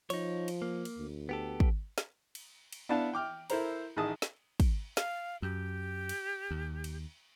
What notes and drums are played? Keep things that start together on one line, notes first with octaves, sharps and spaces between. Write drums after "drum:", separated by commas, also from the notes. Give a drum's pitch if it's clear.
F3 D#4 C#5, drum: cymbal
drum: cymbal
A#3
drum: cymbal
D2
B3 G4 A4
drum: kick
drum: snare
drum: cymbal
drum: cymbal
B3 D4 E4 F5 A5
G5 D6 F6
E4 A4 A#4 C5 A#5, drum: cymbal
A1 D#3 G#4 A5 D#6
drum: snare
drum: kick, cymbal
F5, drum: snare
F#2 G4
drum: cymbal
D#2
drum: cymbal